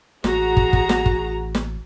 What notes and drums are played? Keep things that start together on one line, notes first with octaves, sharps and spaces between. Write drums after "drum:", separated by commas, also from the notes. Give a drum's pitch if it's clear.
A1 F#4 G#4 A#5, drum: snare
drum: kick
drum: kick
drum: snare
drum: kick
drum: snare